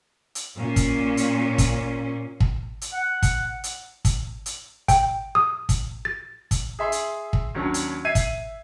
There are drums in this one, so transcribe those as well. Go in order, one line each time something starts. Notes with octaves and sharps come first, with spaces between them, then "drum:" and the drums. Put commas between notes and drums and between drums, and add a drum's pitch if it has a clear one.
drum: hi-hat
A#2 C#4
drum: kick, hi-hat
drum: hi-hat
drum: kick, hi-hat
drum: kick
drum: hi-hat
F#5
drum: kick, hi-hat
drum: hi-hat
drum: kick, hi-hat
drum: hi-hat
G5, drum: kick, hi-hat
D#6
drum: kick, hi-hat
A6
drum: kick, hi-hat
G#4 E5 C6
drum: hi-hat
drum: kick
D#2 F#3 C#4 D4
drum: hi-hat
E5 G#6 C7 D#7
drum: kick, hi-hat